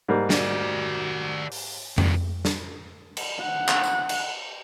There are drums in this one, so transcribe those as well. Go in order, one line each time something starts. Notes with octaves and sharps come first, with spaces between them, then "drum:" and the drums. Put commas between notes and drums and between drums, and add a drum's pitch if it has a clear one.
G#2 G3 A#3
F#4 D5, drum: snare
drum: open hi-hat
D#3 G3, drum: tom F2
drum: snare
drum: cymbal
F#5
drum: clap
drum: tambourine
drum: cymbal